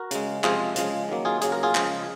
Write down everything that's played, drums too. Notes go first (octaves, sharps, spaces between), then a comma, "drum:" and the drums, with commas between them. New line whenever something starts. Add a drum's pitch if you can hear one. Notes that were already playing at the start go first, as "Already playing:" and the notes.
Already playing: F#4 A#4
C#3 G#3, drum: hi-hat
C3 F3 G#3 F4 G#4, drum: clap
C#3 F3 G#3, drum: hi-hat
D#3 F#3 A#3
F4 G#4
C#3 F#3 A#3 G#4, drum: hi-hat
A#4
F4 G#4
C#3 F3 G#3, drum: clap